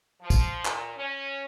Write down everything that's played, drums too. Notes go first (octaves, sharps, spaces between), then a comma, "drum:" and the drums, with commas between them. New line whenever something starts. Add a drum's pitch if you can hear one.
F3
drum: kick, tambourine
A#2, drum: clap
C#4